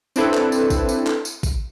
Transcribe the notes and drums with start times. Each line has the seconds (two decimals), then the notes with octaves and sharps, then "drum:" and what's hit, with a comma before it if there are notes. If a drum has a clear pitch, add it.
0.16 C4 D4 E4 A4 B4, drum: tambourine
0.34 drum: clap
0.52 drum: tambourine
0.70 drum: kick A1, tambourine
0.89 drum: tambourine
1.07 drum: clap
1.25 drum: tambourine
1.43 drum: kick A1, tambourine